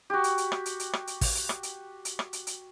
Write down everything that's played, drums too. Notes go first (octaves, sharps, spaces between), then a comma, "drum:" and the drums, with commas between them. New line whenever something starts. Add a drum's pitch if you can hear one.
F#4 G4
drum: hi-hat
drum: hi-hat
drum: rim click
drum: hi-hat
drum: hi-hat
drum: rim click
drum: hi-hat
drum: kick, open hi-hat
drum: hi-hat
drum: rim click
drum: hi-hat
drum: hi-hat
drum: rim click
drum: hi-hat
drum: hi-hat